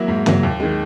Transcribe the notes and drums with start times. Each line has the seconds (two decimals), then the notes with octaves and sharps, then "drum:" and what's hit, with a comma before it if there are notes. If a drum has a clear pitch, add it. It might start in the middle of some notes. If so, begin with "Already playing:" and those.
Already playing: F#3 A#3 E4
0.08 G#2
0.26 F#3 A#3, drum: tom
0.43 D#2
0.60 D#3 G#3